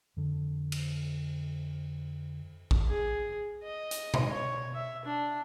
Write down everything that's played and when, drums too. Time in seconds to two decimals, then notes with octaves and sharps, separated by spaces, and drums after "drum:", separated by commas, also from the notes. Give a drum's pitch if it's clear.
0.17 F2 D3
0.72 drum: cymbal
2.71 drum: kick A1
2.88 G#4
3.63 D#5
3.91 drum: hi-hat
4.14 drum: tom B2
4.32 C#5
4.74 E5
5.05 D4